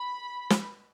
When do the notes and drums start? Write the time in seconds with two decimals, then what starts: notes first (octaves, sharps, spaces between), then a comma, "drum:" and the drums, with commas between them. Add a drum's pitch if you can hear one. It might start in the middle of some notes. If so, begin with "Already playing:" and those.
Already playing: B5
0.50 drum: snare